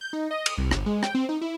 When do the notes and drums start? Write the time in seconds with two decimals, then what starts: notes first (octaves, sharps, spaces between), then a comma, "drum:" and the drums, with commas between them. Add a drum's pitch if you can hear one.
0.01 G6
0.13 D#4
0.31 D#5
0.46 D#6, drum: cymbal
0.58 C2
0.71 G1, drum: rim click
0.86 G#3
1.03 G5, drum: rim click
1.15 C4
1.29 D#4
1.41 E4